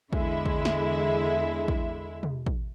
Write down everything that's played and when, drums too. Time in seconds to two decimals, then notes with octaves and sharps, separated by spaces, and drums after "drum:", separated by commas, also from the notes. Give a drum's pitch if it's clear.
0.13 E2 D3 G#3 E4 E5, drum: kick
0.46 drum: kick
0.65 drum: snare
1.68 drum: kick
2.23 drum: tom
2.46 drum: kick